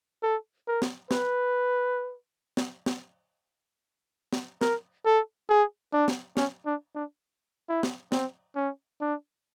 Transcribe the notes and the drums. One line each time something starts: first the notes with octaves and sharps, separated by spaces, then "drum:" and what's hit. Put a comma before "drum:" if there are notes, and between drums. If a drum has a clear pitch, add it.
A4
A#4
drum: snare
B4, drum: snare
drum: snare
drum: snare
drum: snare
A#4, drum: snare
A4
G#4
D4
drum: snare
C#4, drum: snare
D4
D4
E4
drum: snare
C4, drum: snare
C#4
D4